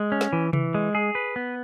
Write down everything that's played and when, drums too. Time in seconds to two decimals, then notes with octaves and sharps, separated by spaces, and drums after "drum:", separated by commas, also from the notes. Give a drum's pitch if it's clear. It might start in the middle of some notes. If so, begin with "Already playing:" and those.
Already playing: G#3
0.12 C#4
0.21 drum: snare
0.33 E3
0.53 E3, drum: tom C3
0.75 G#3
0.95 G#4
1.15 B4
1.36 B3